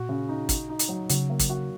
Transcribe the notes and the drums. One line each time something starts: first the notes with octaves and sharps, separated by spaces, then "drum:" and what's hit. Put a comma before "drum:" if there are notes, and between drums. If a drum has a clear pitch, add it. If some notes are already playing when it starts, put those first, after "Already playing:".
Already playing: A#2 F#4
C#3
D#4
F#4, drum: kick, hi-hat
D#4
drum: hi-hat
F#3
C#3 F#3, drum: hi-hat
A#3
drum: kick, hi-hat
F#4